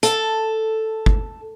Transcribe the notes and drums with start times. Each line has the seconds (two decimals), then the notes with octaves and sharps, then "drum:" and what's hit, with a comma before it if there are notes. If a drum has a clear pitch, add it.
0.03 A4, drum: hi-hat
1.06 drum: kick G1